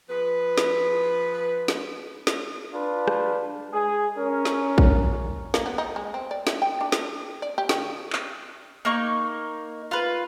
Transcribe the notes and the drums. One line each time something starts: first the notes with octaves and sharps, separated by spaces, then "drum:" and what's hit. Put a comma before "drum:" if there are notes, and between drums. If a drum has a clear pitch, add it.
F3 G#4 B4
drum: snare
drum: snare
drum: snare
D4 F4 B4
drum: rim click
G#3 G#4
C#4 A#4
drum: snare
drum: kick
A#3, drum: snare
B3
D#4
G#3
C4
D5
E4, drum: snare
G5
D4
drum: snare
D5
G4
C#3, drum: snare
drum: clap
A#3 D#4 C#6
F4 B4